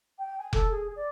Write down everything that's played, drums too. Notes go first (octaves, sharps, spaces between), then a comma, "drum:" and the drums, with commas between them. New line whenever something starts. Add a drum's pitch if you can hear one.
G5
G#5
A4, drum: kick F1
G#4
D5